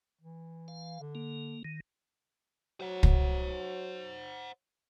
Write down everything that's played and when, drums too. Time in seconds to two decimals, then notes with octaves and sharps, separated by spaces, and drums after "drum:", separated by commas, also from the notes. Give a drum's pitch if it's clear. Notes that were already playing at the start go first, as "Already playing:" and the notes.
0.21 E3
0.68 F5
1.01 D3
1.15 A#3
1.65 D#3
2.81 F#3 C5 F#5
3.03 drum: kick